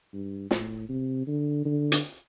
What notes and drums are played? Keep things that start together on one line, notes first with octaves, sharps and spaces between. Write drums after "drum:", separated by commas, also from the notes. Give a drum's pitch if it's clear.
G2
A2, drum: snare
C3
D3
D3
drum: hi-hat